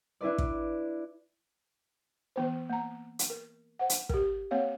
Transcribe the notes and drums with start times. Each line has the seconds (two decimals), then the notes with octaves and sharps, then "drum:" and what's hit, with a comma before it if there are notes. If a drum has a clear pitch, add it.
0.21 D4 E4 B4 D5
0.38 drum: kick
2.36 E3 B3 C5
2.70 A#3 A#5
3.19 drum: hi-hat
3.30 A#4
3.79 C5 F#5
3.90 drum: hi-hat
4.09 G4 A#4, drum: kick
4.51 A#3 C4 C#5 F5